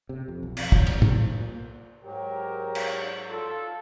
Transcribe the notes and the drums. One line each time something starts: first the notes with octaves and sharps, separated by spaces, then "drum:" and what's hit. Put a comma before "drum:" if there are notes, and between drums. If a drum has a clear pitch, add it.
C3
F2
B1
F2, drum: cymbal
F#3, drum: kick
D#2, drum: cymbal
E2, drum: tom
C2
A#2
G#2 F#3 G4 A#4
drum: cymbal
F4 A4